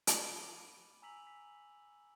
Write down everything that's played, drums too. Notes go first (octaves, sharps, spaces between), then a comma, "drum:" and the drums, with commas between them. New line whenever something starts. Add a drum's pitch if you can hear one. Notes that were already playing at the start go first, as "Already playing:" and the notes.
drum: hi-hat
B5
D6 D#7
G#5 A#5 E6 B6 F7 F#7
B6